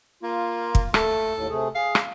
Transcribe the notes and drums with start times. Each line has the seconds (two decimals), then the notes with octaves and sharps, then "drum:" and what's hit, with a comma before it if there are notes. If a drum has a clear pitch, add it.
0.23 A#3 F4
0.75 drum: kick
0.94 A3 A4, drum: rim click
1.35 D#2 A2
1.49 C3 A3 G#4
1.75 G#4 F5
1.95 drum: rim click